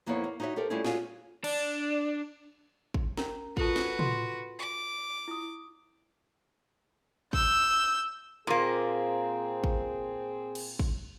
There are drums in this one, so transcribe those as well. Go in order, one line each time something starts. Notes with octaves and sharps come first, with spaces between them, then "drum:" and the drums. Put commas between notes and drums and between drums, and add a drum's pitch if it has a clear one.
F2 A#3 B3 D#4 E4 C#5
A#3
D#4 E4 F#4 C#5 E5
C4 G4 A4 A#4
G3 A3 C#4 E4 F4 G#4
C#4 D#4 F4 F#4 G#4, drum: snare
D4, drum: cymbal
drum: kick
C#4 A#4 A#5, drum: snare
F4 F#4 A4 B4 A5, drum: kick
drum: snare
C6, drum: tom
D6
E4 D#6
E6 G6, drum: kick
A#2 A#3 C4 G#4
drum: kick
drum: cymbal
drum: kick